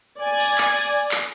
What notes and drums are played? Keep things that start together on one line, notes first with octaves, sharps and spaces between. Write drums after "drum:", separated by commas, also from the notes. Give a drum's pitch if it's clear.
D5 G#5
drum: cymbal
drum: clap
drum: cymbal
drum: clap